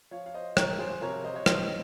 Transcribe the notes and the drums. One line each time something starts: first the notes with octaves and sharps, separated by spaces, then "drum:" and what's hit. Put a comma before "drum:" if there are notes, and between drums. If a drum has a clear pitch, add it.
F3 C#5 F5
F5
C5 D#5
F2 A#4 C#5, drum: rim click
G#4 C5
C3 F3 A#4 C#5
C5 D#5
C#5
F2 C5 D#5, drum: rim click